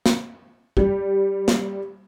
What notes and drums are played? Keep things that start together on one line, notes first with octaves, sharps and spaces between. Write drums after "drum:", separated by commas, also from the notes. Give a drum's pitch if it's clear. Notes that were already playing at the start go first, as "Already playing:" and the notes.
drum: snare
G3 G4, drum: kick A1
drum: snare